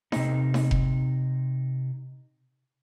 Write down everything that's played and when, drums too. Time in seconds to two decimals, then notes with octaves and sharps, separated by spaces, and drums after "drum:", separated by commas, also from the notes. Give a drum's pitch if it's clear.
0.12 C3 D#4, drum: snare D#4
0.54 drum: snare D#4
0.71 drum: kick F1